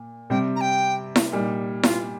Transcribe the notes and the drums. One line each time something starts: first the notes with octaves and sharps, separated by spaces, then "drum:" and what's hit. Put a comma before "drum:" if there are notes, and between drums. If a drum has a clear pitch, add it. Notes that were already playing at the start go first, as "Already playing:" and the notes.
Already playing: A#2
C3 G3 C4 G5
A#5
G5
drum: snare E4
A#2 G3 D#4
F4, drum: snare E4